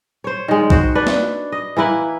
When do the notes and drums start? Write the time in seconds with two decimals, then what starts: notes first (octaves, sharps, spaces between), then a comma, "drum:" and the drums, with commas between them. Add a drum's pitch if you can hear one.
0.24 C5 C#5
0.48 D#3 G#3
0.70 F#4 C5, drum: kick
0.95 D4 B4
1.07 drum: snare
1.52 D#5
1.77 E3 A#3 E4 B4